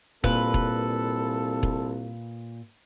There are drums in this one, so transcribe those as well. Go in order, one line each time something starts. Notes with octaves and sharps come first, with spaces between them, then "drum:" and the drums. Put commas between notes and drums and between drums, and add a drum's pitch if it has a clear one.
C2 A#2 A4 B4, drum: kick E1
drum: kick E1
drum: kick E1